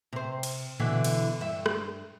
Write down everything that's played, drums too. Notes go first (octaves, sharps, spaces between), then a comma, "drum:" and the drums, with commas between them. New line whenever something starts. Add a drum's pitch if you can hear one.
C3 C5
drum: cymbal
B2 D3 E3
drum: cymbal
G2 E5
drum: rim click